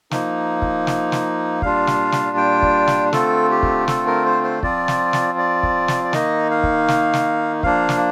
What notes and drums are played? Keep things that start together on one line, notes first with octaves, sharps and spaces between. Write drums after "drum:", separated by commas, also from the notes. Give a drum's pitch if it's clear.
F3 A#3 D#4, drum: snare
drum: kick
drum: snare
drum: snare
A#2 G3 D4 F4 F5, drum: kick
drum: snare
drum: snare
G5
drum: kick
drum: snare
D3 A3 C4 F4 A4, drum: snare
G4
drum: kick
A4, drum: snare
A#4
C5
C5
F3 C4 F4 D5, drum: kick
drum: snare
drum: snare
D5
drum: kick
drum: snare
D5
D#3 A#3 D#4 D#5, drum: snare
F5
drum: kick
drum: snare
drum: snare
F3 A#3 D4 F5, drum: kick
drum: snare